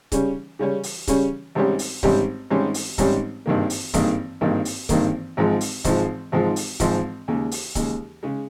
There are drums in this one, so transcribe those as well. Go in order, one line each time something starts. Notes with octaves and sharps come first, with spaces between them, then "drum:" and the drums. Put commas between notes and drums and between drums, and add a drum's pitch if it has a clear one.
C#3 G3 C#4, drum: kick C#1, hi-hat
C#3 G3 C#4
drum: open hi-hat
C#3 G3 C#4, drum: kick C#1, hi-hat
G#1 G#2 G3 C#4 G4
drum: open hi-hat
G#1 G#2 G3 C#4 G4, drum: kick C#1
G#1 G#2 G3 C#4 G4
drum: open hi-hat
G#1 G#2 G3 C#4 G4, drum: kick C#1, hi-hat
G#1 G2 D#3 A#3
drum: open hi-hat
G#1 G2 D#3 A#3, drum: kick C#1, hi-hat
G#1 G2 D#3 A#3
drum: open hi-hat
G#1 G2 D#3 A#3, drum: kick C#1, hi-hat
G#1 G#2 F3 G#3
drum: open hi-hat
G#1 G#2 F3 G#3, drum: kick C#1, hi-hat
G#1 G#2 F3 G#3
drum: open hi-hat
G#1 G#2 F3 G#3, drum: kick C#1, hi-hat
D#2 C#3 G#3
drum: open hi-hat
D#2 C#3 G#3, drum: kick C#1, hi-hat
C#3 G#3